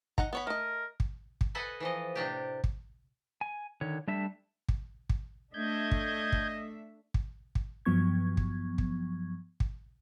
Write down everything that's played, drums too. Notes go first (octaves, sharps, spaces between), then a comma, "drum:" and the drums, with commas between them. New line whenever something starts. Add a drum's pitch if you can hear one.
D#4 F#5 A#5, drum: kick
B3 C#5 B5
A3 A#4 D#5
drum: kick
drum: kick
A4 B4 D#5 E5 F#5 G#5
E3 F3 D#5
A2 C3 D4 G4
drum: kick
G#5
D3 D#3 C#5
G3 A3 D4 E5
drum: kick
drum: kick
A3 D4 D#5 E5 G6 G#6
drum: kick
drum: kick
drum: kick
drum: kick
G2 F3 F#3 B3 C#6 G#6
drum: kick
drum: kick
drum: kick